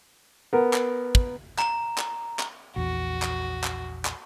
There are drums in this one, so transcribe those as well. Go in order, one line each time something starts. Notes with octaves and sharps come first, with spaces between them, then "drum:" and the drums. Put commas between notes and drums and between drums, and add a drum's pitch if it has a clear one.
B3 A#4
drum: clap
drum: kick
A#5, drum: clap
drum: clap
drum: clap
A#1 E2 F#4
drum: clap
drum: clap
drum: clap